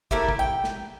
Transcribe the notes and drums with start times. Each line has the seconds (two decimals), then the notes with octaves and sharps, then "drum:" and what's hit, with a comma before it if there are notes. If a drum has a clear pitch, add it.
0.11 A3 A#3 E4 G4, drum: kick
0.29 drum: kick
0.39 G5
0.64 drum: snare